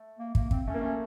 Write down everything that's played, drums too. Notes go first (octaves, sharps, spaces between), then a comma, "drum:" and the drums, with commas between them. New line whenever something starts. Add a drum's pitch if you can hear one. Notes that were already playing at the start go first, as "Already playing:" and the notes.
Already playing: A3
A#3
A#3, drum: kick
C4, drum: kick
A3 C#4
A#3
A3 C#4